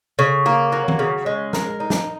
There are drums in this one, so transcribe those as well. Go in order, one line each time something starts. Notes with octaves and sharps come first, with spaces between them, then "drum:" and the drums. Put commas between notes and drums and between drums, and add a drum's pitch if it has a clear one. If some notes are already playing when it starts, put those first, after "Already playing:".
C#3
A#3
F#3
drum: tom D#3
C#3
G#3
A#4, drum: snare
D#4
drum: snare